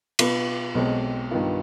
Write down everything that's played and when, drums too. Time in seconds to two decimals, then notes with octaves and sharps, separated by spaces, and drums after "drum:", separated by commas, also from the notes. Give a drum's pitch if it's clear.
0.19 B2 B3 F4 B4, drum: cymbal
0.75 B1 B2 G#3 C4
1.31 G2 D#3 B3 F4